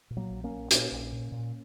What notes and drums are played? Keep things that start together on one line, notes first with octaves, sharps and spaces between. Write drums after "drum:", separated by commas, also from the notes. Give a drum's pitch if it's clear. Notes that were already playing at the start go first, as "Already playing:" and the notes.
A#2
F#3 A#3
A#1
A#3 C#4
A#1
A#2 A#3 C#4, drum: hi-hat
A#1
A#2
A#2